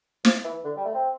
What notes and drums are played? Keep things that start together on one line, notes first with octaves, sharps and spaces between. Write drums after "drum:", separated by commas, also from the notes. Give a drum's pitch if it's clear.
F3, drum: snare
E3
D3
G3
A3
C4